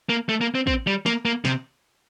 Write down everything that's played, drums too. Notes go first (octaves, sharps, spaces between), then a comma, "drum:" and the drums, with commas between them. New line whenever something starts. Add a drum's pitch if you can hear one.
A#3
A3
A#3
C4
C4, drum: kick
G3
A#3, drum: snare
A#3
C3, drum: snare